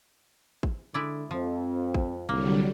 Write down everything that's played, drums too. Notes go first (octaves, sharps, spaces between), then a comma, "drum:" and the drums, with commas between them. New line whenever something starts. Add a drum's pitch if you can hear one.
drum: kick
D3 G#3 E4 D5
F2 F3 C4
drum: kick
C2 D3 F#3 G3 A#3